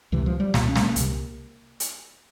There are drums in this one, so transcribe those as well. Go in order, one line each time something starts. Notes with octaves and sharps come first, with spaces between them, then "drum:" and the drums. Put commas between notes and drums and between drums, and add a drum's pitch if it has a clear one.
C#2 C3 E3
F3
G3
C2 A#2 A#3, drum: snare
C#4
G#3, drum: snare
A#3
C2 C3, drum: hi-hat
drum: hi-hat